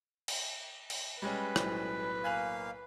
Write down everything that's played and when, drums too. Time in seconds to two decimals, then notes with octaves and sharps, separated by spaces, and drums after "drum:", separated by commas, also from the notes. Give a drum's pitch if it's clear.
0.28 drum: cymbal
0.90 drum: cymbal
1.22 G3 G#3 C#4 B4
1.56 B1 A2 C5, drum: rim click
2.24 A#3 F5 G#5 F#6 F7